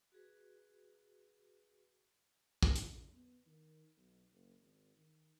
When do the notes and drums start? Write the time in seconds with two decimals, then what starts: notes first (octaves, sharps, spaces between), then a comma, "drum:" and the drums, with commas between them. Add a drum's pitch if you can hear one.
0.12 F#4 G#4 B4
2.63 drum: kick
2.76 C#2, drum: hi-hat
3.14 B3
3.47 D#3
3.97 B1
4.31 F#1
4.61 G#1
4.96 D#3